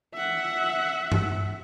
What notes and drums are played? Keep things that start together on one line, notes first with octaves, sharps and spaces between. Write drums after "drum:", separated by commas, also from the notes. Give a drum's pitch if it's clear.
E5 F#5
drum: tom G2